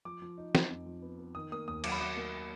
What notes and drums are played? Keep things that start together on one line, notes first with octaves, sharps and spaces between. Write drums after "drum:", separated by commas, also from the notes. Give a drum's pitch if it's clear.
F3 D6
F3
D#4
D#4, drum: snare
F2
F3
B3
B3
D#3 D#6
A#3 D#6
D#2 D#6
F#3 D6, drum: cymbal
B5
F#3 D6
A#3